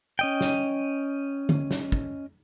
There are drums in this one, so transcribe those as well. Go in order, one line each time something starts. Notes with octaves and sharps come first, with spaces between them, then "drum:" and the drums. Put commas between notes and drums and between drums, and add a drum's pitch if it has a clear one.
C#4 D#5 G5
drum: snare
drum: tom
drum: snare
drum: kick